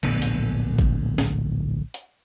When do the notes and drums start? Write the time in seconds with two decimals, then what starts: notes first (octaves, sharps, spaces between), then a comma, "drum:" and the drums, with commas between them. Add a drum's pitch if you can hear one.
0.03 D1 A#1 D3 B3, drum: cymbal
0.22 drum: hi-hat
0.79 drum: kick G#1
1.18 drum: snare
1.94 drum: hi-hat